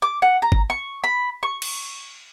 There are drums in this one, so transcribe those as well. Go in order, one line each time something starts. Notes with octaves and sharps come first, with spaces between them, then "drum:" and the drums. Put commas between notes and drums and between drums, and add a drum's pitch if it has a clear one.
D6
F#5
A#5
drum: kick
C#6
B5
C#6
drum: cymbal